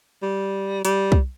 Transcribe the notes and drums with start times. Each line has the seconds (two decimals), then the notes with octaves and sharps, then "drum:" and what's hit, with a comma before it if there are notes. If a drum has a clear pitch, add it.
0.22 G3
0.85 G3, drum: hi-hat
1.12 drum: kick